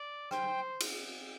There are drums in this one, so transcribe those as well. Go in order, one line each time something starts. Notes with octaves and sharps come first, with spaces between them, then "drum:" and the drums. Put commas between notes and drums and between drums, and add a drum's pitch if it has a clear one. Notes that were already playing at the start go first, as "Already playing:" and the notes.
Already playing: D5
C5 G5, drum: rim click
drum: cymbal